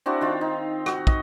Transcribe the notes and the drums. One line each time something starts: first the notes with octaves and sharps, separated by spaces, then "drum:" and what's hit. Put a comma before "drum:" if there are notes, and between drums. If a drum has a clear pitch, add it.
C4 D4 E4 F#4
D#3 F4
D#4
F#4, drum: rim click
D#5, drum: kick